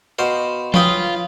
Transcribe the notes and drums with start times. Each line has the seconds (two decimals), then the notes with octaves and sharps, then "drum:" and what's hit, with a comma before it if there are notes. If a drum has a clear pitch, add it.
0.19 B2 C5 F5
0.74 C#4 F4 B4 F5 G5 D#6 F6, drum: tom F3